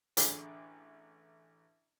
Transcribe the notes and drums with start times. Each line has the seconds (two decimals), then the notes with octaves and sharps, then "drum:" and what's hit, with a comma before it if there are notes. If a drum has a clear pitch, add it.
0.17 A1 D3 G#4 G5 B5 D6, drum: hi-hat